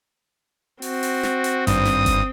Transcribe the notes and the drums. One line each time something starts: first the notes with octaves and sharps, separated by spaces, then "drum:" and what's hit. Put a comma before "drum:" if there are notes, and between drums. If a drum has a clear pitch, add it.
C4 F#4, drum: open hi-hat
drum: open hi-hat
drum: snare
drum: hi-hat
G#1 G2 D#6, drum: hi-hat
drum: snare
drum: kick G1, hi-hat